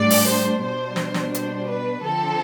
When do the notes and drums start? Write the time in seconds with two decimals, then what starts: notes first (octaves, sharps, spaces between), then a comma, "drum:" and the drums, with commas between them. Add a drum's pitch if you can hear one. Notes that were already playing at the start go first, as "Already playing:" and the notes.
Already playing: A2 G3 D4 D5
0.10 drum: open hi-hat
0.28 C5
0.64 B2 G3 D4 C5
0.96 drum: snare
1.14 drum: snare
1.34 C5, drum: hi-hat
1.70 B4
2.05 D3 F3 C4 A4